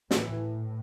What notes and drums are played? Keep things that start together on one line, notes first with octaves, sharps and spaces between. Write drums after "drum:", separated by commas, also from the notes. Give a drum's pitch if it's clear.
A2 E3, drum: snare